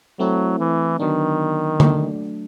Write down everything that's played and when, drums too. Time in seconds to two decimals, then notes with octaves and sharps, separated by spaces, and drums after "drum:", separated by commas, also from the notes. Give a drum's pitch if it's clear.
0.19 F#3 A3 C4 E4 A4
0.60 E3
1.00 D3 D#3 F#3 B3 D4
1.80 F#3 A3 D4, drum: tom D3